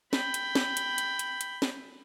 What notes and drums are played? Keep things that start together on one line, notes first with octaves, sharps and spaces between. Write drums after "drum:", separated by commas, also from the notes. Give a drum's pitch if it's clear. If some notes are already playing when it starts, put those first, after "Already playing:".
G5 B5, drum: snare
drum: hi-hat
drum: snare
drum: hi-hat
drum: hi-hat
drum: hi-hat
drum: hi-hat
drum: snare